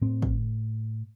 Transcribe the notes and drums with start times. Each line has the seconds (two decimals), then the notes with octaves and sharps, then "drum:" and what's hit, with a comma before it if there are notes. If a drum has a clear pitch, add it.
0.02 A2 C4
0.22 drum: kick